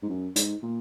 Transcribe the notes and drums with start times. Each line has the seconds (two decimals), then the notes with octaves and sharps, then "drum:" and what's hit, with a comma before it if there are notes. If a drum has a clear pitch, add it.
0.03 G#2
0.10 F#2
0.36 G#2, drum: hi-hat
0.63 A#2